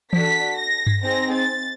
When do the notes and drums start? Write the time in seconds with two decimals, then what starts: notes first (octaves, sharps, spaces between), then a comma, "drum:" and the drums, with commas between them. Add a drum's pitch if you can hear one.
0.13 D4 F#4 A4 B6, drum: tom E3
0.58 A#6
0.87 drum: tom G2
1.02 C4 D#4 G#4 A#6
1.32 A6